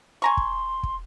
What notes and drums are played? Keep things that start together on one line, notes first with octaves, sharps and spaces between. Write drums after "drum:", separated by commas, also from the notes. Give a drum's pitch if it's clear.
G#5 A#5 C6 C#6
drum: kick
drum: kick